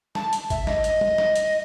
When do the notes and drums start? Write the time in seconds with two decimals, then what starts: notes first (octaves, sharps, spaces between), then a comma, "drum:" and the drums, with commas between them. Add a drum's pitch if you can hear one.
0.15 A5, drum: snare
0.33 drum: hi-hat
0.50 E5, drum: kick G#1, hi-hat
0.67 D#5, drum: snare
0.84 drum: hi-hat
1.01 drum: tom
1.18 drum: snare
1.36 drum: hi-hat